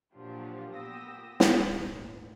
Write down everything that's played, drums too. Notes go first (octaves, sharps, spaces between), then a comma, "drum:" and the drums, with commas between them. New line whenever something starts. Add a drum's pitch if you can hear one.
A#2 F3 F#3 D4 F4 G4
A#2 B3 G4 D#6 E6 A#6
drum: snare
G#1 D2 A#2